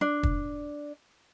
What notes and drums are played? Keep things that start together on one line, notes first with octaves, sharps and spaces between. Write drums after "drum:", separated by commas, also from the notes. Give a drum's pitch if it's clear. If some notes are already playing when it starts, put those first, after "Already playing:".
D4
drum: kick